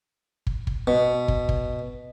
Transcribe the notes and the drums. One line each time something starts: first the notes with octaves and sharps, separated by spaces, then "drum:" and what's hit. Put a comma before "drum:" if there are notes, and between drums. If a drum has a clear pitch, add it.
drum: kick
drum: kick
B2
drum: kick
drum: kick